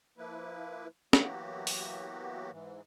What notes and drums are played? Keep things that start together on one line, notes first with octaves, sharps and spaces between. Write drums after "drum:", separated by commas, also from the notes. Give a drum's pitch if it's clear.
F3 A#3 E4 B4
E3 F#3 A#3 B3 F#4 G4, drum: snare
drum: open hi-hat
G#2 E3